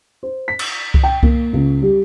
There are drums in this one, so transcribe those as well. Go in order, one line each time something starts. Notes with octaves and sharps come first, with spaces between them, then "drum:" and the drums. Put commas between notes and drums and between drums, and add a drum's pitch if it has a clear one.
C5
B6
drum: cymbal
drum: kick C2
G5
A#3, drum: kick C2
C#2
G3